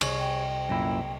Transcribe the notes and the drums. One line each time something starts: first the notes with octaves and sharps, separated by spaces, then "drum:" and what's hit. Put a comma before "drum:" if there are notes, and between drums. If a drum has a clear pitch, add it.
C2 G#4 C#5, drum: cymbal
G5
F#2 A#2 E4 A#6